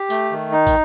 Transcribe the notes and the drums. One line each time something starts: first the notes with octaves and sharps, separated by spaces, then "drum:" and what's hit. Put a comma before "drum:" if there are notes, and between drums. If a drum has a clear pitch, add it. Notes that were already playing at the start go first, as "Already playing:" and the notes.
Already playing: G4
A3, drum: tambourine
D#3
D#4
drum: kick, tambourine